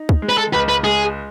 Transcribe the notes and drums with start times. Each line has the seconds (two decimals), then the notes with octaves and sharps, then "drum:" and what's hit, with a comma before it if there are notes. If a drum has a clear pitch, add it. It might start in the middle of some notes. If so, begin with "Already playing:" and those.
Already playing: D#4
0.09 drum: kick
0.22 G#3
0.29 B4
0.38 A4
0.53 C#2 B4
0.69 B4
0.84 G#3 G#4